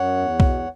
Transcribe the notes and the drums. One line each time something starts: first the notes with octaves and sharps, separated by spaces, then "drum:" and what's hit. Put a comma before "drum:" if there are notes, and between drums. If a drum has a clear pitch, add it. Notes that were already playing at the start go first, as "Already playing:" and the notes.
Already playing: F#2 C#5 F#5
E2
B2, drum: kick B1